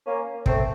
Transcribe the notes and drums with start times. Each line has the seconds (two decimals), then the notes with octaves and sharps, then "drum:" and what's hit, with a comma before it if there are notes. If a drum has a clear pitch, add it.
0.06 A#3 C#4
0.46 A3 C4, drum: kick